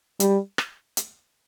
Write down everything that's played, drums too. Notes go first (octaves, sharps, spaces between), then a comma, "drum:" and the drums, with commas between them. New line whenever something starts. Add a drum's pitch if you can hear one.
G3, drum: hi-hat
drum: rim click
drum: hi-hat